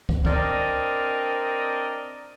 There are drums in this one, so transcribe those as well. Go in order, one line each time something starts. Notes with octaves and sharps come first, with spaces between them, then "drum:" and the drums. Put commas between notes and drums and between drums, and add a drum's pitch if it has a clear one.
drum: kick
C4 D4 A#4 D5 D#5, drum: kick